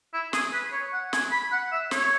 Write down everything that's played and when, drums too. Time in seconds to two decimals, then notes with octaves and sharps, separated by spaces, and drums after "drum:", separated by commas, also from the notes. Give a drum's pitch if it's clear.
0.13 E4
0.33 G#4, drum: snare
0.53 B4
0.72 C#5
0.93 F#5
1.13 G#5, drum: snare
1.32 B5
1.52 F#5
1.72 E5
1.91 C#5, drum: snare